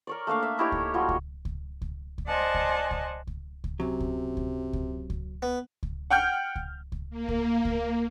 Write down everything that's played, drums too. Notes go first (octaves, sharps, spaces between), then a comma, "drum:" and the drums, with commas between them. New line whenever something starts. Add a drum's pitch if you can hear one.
A#4 C#5 D5
A3 A#3 D4 F5
E5
D#4 E4 G4 C#5
drum: kick C#2
F3 G3 F#4
drum: kick C#2
drum: kick C#2
drum: kick C#2
drum: kick C#2
C5 D5 D#5 F#5 G#5 A5
drum: kick C#2
drum: kick C#2
drum: kick C#2
drum: kick C#2
F#2 C3 F#3
drum: kick C#2
drum: kick C#2
drum: kick C#2
drum: kick C#2
B3
drum: kick C#2
F#5 G5 F6 G6
drum: kick C#2
drum: kick C#2
A#3
drum: kick C#2
drum: kick C#2